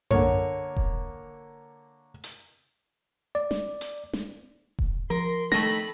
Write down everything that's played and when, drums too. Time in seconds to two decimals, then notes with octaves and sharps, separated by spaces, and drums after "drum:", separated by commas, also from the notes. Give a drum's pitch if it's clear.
0.11 D3 A#3 C#5, drum: tom F#2
0.76 drum: kick E1
2.24 drum: hi-hat
3.35 D5
3.51 drum: snare
3.81 drum: hi-hat
4.13 drum: snare
4.79 drum: kick E1
5.10 F3 A#4 C6
5.52 D#3 A3 A4 B5 A#6, drum: snare